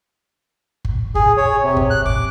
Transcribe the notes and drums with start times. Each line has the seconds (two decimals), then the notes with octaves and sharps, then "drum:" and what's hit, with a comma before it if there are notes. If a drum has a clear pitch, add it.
0.85 drum: kick G1
1.15 G#4, drum: kick G1
1.37 C#5
1.63 C3
1.77 drum: kick G1
1.90 F#6
2.05 D6, drum: kick G1